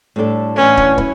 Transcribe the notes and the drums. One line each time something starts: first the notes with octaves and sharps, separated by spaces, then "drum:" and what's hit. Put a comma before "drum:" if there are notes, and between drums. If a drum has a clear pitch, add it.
A2 G3 D4 A4
A2 E3 B3 C#4 D4
drum: kick
F#3 C#4 E4, drum: kick